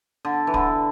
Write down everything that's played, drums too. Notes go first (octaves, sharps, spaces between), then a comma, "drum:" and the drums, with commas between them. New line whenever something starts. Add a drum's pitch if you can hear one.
D3
E3
D3, drum: kick